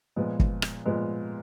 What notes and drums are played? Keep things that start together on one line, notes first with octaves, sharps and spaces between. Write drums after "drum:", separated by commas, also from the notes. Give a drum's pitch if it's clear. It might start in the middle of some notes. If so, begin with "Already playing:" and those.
A#2 F3 G#3 B3
drum: kick
drum: rim click
A#2 F3 G#3 B3